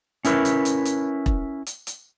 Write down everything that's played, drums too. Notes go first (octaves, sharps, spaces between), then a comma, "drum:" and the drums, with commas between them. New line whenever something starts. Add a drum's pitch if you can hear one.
C#4 E4 A#4 B4, drum: hi-hat
drum: hi-hat
drum: hi-hat
drum: hi-hat
drum: kick E1
drum: hi-hat
drum: hi-hat